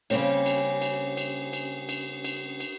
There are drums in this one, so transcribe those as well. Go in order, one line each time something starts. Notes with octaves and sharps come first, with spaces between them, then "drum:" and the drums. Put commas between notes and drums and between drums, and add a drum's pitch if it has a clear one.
C#3 G3 A#3 C4 C#4, drum: cymbal
drum: cymbal
drum: cymbal
drum: cymbal
drum: cymbal
drum: cymbal
drum: cymbal
drum: cymbal